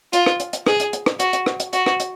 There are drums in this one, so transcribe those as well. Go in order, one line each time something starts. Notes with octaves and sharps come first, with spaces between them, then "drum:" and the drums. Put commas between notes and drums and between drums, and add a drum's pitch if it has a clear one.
F4, drum: hi-hat
drum: rim click
drum: hi-hat
drum: hi-hat
G#4, drum: rim click
drum: hi-hat
drum: hi-hat
drum: rim click
F#4, drum: hi-hat
drum: hi-hat
drum: rim click
drum: hi-hat
F#4, drum: hi-hat
drum: rim click
drum: hi-hat